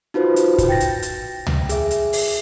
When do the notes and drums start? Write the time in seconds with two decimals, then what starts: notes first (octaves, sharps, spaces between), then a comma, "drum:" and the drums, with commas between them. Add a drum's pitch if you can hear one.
0.14 D#4 F4 F#4 B4 C5
0.36 drum: hi-hat
0.58 drum: kick, hi-hat
0.69 G5 A6 A#6
0.80 drum: hi-hat
1.02 drum: hi-hat
1.47 drum: tom C#2
1.69 G#4 E5, drum: hi-hat
1.91 drum: hi-hat
2.13 drum: open hi-hat